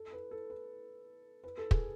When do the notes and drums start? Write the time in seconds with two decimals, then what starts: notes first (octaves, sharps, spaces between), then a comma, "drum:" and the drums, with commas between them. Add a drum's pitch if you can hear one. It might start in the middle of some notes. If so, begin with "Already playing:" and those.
Already playing: A4
0.12 B4
0.31 A4
0.50 B4
1.44 B4
1.58 A4
1.71 G#4, drum: kick